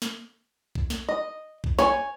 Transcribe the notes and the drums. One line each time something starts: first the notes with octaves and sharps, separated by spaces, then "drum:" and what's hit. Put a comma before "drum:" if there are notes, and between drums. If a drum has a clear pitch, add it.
drum: snare
drum: kick
drum: snare
D#5
drum: kick
C#5 G#5, drum: snare